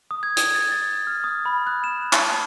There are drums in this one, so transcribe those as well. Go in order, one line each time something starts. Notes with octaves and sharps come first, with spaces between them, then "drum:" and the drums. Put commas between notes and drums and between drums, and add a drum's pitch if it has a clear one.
D#6
G#6
D#6, drum: hi-hat
A6
A6
F6
D#6
B5
F#6
E7
A5, drum: clap